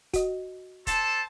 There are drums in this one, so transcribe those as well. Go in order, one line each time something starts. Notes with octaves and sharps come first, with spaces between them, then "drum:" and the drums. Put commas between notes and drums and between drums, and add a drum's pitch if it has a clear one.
F#4 D#5, drum: kick D#1, hi-hat
A4 C5 A5, drum: kick D#1, hi-hat